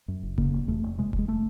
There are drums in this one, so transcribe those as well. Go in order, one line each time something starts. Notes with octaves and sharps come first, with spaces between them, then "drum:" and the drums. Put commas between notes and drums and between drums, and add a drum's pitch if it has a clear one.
F#2
F#1
C#3 A#3, drum: kick F1
F1
E2 A3
F1
C3 G#3
E1, drum: kick F1
G#3
A3